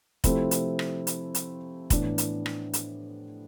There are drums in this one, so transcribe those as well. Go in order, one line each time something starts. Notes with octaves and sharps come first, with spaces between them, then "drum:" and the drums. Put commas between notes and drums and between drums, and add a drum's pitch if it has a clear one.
C3 F3 A3 C4 E4, drum: kick, hi-hat
drum: hi-hat
drum: rim click
drum: hi-hat
drum: hi-hat
A2 E3 B3 D4, drum: kick, hi-hat
drum: hi-hat
drum: rim click
drum: hi-hat